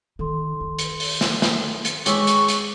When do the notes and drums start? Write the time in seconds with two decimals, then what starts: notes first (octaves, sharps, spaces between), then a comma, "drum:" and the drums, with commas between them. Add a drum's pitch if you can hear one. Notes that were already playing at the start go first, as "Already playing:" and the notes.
0.19 D#3 A4 C6
0.61 D#3
0.79 drum: hi-hat
1.00 drum: open hi-hat
1.21 drum: snare
1.42 drum: snare
1.85 drum: hi-hat
2.06 G#3 C#5 G5 C#6 D6 E6 B6, drum: hi-hat
2.27 drum: hi-hat
2.48 drum: hi-hat